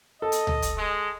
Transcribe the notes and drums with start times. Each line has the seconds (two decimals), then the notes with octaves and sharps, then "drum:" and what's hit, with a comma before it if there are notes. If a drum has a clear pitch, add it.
0.22 A4 D#5
0.32 drum: hi-hat
0.47 drum: tom C#2
0.62 drum: kick, hi-hat
0.78 G#3